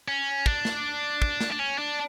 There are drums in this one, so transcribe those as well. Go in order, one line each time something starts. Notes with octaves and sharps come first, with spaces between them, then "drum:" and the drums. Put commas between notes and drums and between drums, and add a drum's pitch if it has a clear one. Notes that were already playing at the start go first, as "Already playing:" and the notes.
C#4
D4, drum: kick
drum: snare
drum: kick
drum: snare
D4
C#4
D4